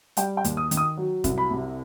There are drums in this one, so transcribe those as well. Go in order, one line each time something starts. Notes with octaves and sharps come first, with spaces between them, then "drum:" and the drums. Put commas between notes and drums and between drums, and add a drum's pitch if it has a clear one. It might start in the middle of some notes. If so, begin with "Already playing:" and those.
G3 G5, drum: hi-hat
G5
D#2, drum: hi-hat
D#6
D#3, drum: hi-hat
D#6
F#3
C2, drum: kick E1, hi-hat
B5
C3